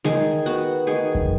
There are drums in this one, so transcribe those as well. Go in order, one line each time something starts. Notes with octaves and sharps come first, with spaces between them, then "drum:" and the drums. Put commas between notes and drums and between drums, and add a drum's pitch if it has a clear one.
D#3 G#4 G#5, drum: snare G#3
B3 F#4 F#5
D#3 G#4 G#5
drum: kick F2